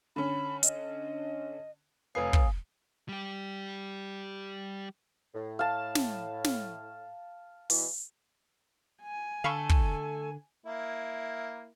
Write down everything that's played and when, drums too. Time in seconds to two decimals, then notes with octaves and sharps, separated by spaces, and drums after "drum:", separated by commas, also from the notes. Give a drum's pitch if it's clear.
0.16 D3 C#4 B5
0.63 D#5, drum: hi-hat
2.15 F1 B4 C#5 F5 G#5 D#6 C7
2.33 drum: kick
3.09 G3 G4
5.34 A2
5.59 F5 A5
5.95 drum: snare
6.44 drum: snare
7.70 B2 E3, drum: open hi-hat
9.02 G#5
9.44 D3 A3 A4 F5 B5 C#6
9.70 drum: kick
10.66 A#3 E4